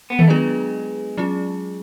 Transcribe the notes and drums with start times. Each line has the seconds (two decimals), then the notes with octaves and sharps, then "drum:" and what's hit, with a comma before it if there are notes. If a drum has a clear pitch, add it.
0.10 B3
0.19 A3, drum: tom D#3
0.27 F#3 G#3 B3 D4 F4 B4
1.18 F#3 C#4 F4